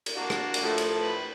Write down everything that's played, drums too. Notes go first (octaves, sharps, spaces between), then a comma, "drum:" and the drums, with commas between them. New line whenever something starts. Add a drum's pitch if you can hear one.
drum: cymbal
A#3 D4 F#4
drum: rim click
drum: cymbal
A2 F3 A3
drum: cymbal
B4